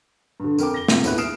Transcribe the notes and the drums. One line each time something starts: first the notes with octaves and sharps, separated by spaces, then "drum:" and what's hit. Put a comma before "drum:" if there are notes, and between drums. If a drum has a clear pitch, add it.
G2 D3
F2 A#4 G5 D6, drum: tambourine
A#6 G7
C3 A#3 F4, drum: snare
D#2 A2 B3 G#4 E5 F#6, drum: tambourine
D#6 F6 C7 D7 E7, drum: tambourine